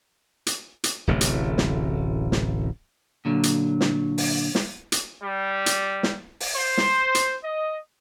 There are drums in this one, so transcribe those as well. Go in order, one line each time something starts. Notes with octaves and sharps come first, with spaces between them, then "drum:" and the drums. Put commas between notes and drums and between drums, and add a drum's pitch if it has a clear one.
drum: hi-hat
drum: hi-hat
D1 A1 C3 A3
drum: hi-hat
drum: snare
drum: snare
A#2 D3 F#3
drum: hi-hat
drum: snare
drum: open hi-hat
drum: snare
drum: hi-hat
G3
drum: hi-hat
drum: snare
drum: open hi-hat
C5
drum: snare
drum: hi-hat
D#5